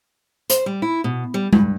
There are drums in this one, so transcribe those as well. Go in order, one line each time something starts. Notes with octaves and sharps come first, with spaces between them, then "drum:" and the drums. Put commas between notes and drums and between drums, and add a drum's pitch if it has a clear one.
C5, drum: hi-hat
G3
E4
B2
G3
G2, drum: tom G#3